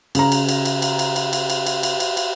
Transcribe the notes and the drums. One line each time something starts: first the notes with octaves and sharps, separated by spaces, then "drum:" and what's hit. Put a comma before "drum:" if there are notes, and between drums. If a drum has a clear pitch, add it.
C#3 A#5, drum: cymbal
drum: cymbal
drum: cymbal
drum: cymbal
drum: cymbal
drum: cymbal
drum: cymbal
drum: cymbal
drum: cymbal
drum: cymbal
drum: cymbal
drum: cymbal
drum: cymbal